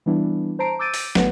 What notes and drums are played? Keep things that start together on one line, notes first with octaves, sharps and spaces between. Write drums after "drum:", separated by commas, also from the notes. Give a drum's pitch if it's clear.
E3 G3 B3 D4 E4
C5 A5 A#5 C7 D7
D6 E6 G6 A6 D7 D#7
drum: open hi-hat
G#1 A3 B3 B4 F#5, drum: snare